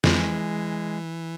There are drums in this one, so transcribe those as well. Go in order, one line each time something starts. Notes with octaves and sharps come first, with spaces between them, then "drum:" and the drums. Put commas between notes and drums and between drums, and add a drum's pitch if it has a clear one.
F2 E3 G#3, drum: snare